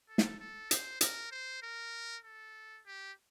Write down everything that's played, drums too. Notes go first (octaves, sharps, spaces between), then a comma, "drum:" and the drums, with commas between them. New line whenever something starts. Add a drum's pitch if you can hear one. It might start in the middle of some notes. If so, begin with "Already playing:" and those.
A4
drum: snare
A4
C5, drum: hi-hat
A#4, drum: hi-hat
C5
A#4
A4
G4